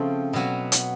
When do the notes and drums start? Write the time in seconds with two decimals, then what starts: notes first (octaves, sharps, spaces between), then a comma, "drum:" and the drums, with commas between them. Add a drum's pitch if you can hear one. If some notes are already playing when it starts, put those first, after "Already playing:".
Already playing: C#3 F3 A3 C4
0.33 B2 F#3 B3
0.72 drum: hi-hat